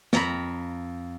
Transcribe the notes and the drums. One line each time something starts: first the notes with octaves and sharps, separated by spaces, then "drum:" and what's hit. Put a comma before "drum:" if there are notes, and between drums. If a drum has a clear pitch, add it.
F2 A#5 B5, drum: snare